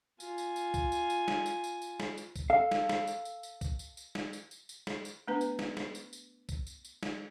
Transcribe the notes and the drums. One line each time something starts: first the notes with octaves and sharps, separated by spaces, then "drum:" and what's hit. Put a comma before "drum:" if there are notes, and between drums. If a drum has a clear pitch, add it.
F4 G#5, drum: tambourine
drum: tambourine
drum: tambourine
drum: kick, tambourine
drum: tambourine
drum: tambourine
drum: snare
drum: tambourine
drum: tambourine
drum: tambourine
drum: snare
drum: tambourine
drum: kick, tambourine
A4 F5
drum: snare
drum: snare
drum: tambourine
drum: tambourine
drum: tambourine
drum: kick, tambourine
drum: tambourine
drum: tambourine
drum: snare
drum: tambourine
drum: tambourine
drum: tambourine
drum: snare
drum: tambourine
A3 B3 D4 B4 A#5
drum: tambourine
drum: snare
drum: snare
drum: tambourine
drum: tambourine
drum: kick, tambourine
drum: tambourine
drum: tambourine
drum: snare